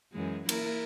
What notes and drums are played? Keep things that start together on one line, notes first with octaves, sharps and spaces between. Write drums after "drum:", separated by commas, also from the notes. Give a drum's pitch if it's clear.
F#2 E3 G#3
A#3 E4 A#4, drum: cymbal